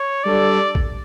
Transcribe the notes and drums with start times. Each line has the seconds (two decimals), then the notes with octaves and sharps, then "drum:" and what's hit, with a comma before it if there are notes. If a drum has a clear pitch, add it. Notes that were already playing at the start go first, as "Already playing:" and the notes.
Already playing: C#5
0.24 G3 D4 A4 D5
0.75 drum: kick A#1